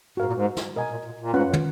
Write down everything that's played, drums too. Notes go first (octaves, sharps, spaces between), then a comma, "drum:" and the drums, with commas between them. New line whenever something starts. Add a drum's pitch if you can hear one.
G#2 F#4 A#4 F5
A#2
G#2
drum: snare
B2 A#4 D#5 G#5
A#2
A#2
A#2
G#2 C#4 F4 B4 F#5
F#2
drum: tom